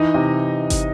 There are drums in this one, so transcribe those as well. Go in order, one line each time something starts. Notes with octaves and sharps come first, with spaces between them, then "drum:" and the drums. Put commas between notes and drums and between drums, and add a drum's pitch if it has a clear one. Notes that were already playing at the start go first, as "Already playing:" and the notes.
Already playing: E3 D#4 D#5
C3
drum: kick G1, hi-hat